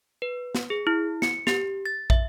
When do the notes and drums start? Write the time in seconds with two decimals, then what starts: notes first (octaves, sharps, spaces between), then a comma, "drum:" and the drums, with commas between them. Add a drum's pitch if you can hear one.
0.22 B4
0.55 drum: snare
0.70 G#4
0.87 E4
1.22 C#7, drum: snare
1.47 G4, drum: snare
1.86 A6
2.10 E5, drum: kick